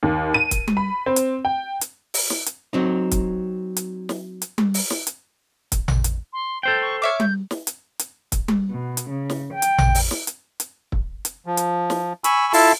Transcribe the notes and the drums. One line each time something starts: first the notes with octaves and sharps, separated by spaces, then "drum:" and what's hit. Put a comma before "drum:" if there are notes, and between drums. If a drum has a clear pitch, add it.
D#2
D#7
drum: kick, hi-hat
drum: tom G3
B5
C4
drum: hi-hat
G5
drum: hi-hat
drum: open hi-hat
drum: snare
drum: hi-hat
F#3 C4 D#4
drum: kick, hi-hat
drum: hi-hat
drum: snare
drum: hi-hat
drum: tom G3
drum: open hi-hat
drum: snare
drum: hi-hat
drum: kick, hi-hat
drum: tom A1
drum: hi-hat
C6
A4 C5 G5 G6
C#6
C#5 E5 D6 F6
G6, drum: tom G3
drum: snare
drum: hi-hat
drum: hi-hat
drum: kick, hi-hat
drum: tom G3
B2
drum: hi-hat
C#3
drum: snare
G5
drum: hi-hat
drum: tom A1
drum: open hi-hat
drum: snare
drum: hi-hat
drum: hi-hat
drum: kick
drum: hi-hat
F3
drum: hi-hat
drum: snare
G#5 B5 C#6 E6, drum: hi-hat
E4 F4 A4 E5 F5 A5, drum: open hi-hat